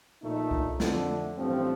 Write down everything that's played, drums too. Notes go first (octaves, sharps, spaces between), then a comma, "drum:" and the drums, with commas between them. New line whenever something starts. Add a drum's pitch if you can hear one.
A#1 A#2 A3 D#4
drum: kick C2
F2 D3 A3, drum: snare
A1 G2 F3 A3 C4